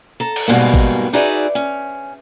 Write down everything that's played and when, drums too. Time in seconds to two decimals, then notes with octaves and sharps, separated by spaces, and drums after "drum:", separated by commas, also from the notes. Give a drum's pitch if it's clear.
0.20 A4 A#5
0.36 drum: cymbal
0.48 G#2 B2 D#3 G3 G#3 A#3
0.74 drum: kick G#1
1.13 D#4 F#4 G#4 B4 D5 E5
1.55 C#4